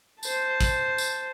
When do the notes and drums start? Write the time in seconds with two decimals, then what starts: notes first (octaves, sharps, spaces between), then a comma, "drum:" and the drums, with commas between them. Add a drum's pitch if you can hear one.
0.23 C5 A5, drum: tambourine
0.60 drum: kick, tambourine
0.98 drum: tambourine